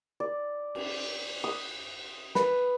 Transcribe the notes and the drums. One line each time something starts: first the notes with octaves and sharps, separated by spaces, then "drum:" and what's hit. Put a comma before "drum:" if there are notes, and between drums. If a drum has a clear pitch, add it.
D5
drum: cymbal
D#6
B4, drum: snare